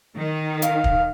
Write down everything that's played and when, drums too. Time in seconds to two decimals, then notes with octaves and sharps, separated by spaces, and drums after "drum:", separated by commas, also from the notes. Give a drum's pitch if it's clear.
0.17 D#3
0.62 F5, drum: hi-hat
0.84 drum: kick